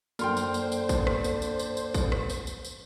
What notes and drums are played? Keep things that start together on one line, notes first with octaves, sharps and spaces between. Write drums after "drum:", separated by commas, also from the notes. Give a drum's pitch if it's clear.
F#2 D3 A#3 C5 G5 C6 F6, drum: tambourine
drum: tambourine
drum: tambourine
drum: tambourine
drum: kick, tambourine
drum: rim click
drum: tambourine
drum: tambourine
drum: tambourine
drum: tambourine
drum: kick, tambourine
drum: rim click
drum: tambourine
drum: tambourine
drum: tambourine